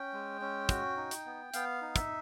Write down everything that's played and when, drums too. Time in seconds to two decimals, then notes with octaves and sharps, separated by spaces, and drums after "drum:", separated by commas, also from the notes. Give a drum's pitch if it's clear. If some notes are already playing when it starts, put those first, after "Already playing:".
Already playing: C#4 G5
0.13 G#3
0.41 C#4
0.69 F#4, drum: kick, hi-hat
0.97 D#4
1.11 drum: hi-hat
1.25 B3
1.54 B3 F5, drum: hi-hat
1.81 D#4
1.96 E5, drum: kick, hi-hat